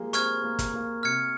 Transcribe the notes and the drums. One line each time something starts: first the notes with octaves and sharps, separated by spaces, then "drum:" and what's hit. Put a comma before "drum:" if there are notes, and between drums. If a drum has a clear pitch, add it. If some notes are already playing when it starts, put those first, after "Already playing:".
Already playing: F3 G3 G#3 A#3
C4 C#6 F6 G#6, drum: hi-hat
A#3
drum: kick, hi-hat
A#3
C3 F6 G#6 C#7